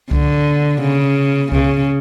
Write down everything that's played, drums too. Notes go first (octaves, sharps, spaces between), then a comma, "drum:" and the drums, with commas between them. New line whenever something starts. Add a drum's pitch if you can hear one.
D3, drum: kick C#2
C#3
C#3, drum: kick C#2